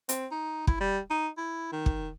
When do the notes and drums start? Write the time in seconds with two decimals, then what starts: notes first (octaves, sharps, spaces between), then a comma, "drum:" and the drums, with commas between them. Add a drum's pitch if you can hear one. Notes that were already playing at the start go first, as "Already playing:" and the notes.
0.09 C4, drum: hi-hat
0.31 D#4
0.67 E4, drum: kick
0.80 G3
1.10 D#4
1.38 E4
1.72 D#3
1.86 drum: kick